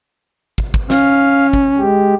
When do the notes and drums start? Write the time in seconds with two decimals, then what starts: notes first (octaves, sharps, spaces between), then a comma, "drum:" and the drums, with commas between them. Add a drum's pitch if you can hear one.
0.58 drum: kick
0.74 drum: kick
0.90 C#4 F5, drum: snare
1.53 drum: kick
1.78 G#3 G4